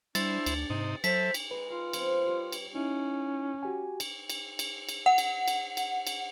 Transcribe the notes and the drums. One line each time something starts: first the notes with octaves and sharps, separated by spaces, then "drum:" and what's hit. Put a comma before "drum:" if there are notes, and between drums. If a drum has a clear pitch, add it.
G3 D4 E4 C5 A6, drum: cymbal
D2, drum: cymbal
G#2 C3 D#4
F#3 A4 C5 E5 B6, drum: cymbal
drum: cymbal
G#3 A#4 B4
F4 F5
F3 B3 C4, drum: cymbal
G3 C#5
drum: cymbal
C#4 D#4 E4
F#4 G4 G#5
drum: cymbal
drum: cymbal
drum: cymbal
drum: cymbal
F#5
drum: cymbal
drum: cymbal
drum: cymbal
drum: cymbal